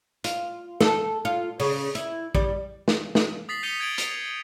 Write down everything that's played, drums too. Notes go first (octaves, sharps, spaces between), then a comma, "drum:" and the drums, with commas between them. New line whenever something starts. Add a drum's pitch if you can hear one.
F4, drum: hi-hat
A4, drum: snare
F4
C#3, drum: open hi-hat
E4, drum: hi-hat
G3, drum: kick
drum: snare
drum: snare
D#6 A6 B6 C7 F#7
G6 B6 C#7 D#7 F7 G7
G#6 A6 D7 F7 F#7
D#6 F7, drum: hi-hat